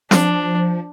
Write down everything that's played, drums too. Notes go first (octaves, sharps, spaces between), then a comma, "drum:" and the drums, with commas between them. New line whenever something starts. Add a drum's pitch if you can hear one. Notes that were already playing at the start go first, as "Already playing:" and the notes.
F3 D4, drum: snare